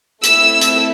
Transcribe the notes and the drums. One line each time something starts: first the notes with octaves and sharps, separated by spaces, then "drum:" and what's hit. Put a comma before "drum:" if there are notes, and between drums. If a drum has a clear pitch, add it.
A3 C4 E4 A4 E6, drum: hi-hat
drum: hi-hat